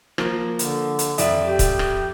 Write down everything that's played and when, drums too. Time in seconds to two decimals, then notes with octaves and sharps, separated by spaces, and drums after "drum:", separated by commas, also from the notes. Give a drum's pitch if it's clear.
0.18 F3 A#3, drum: rim click
0.59 D3, drum: hi-hat
0.99 drum: hi-hat
1.18 F2 D5 E5, drum: hi-hat
1.45 G4
1.59 drum: kick, hi-hat
1.79 drum: rim click